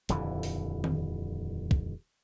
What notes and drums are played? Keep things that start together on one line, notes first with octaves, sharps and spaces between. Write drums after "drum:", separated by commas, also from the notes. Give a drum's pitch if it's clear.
D#1 F2 D3 E3, drum: hi-hat
drum: open hi-hat
drum: tom D#3
drum: kick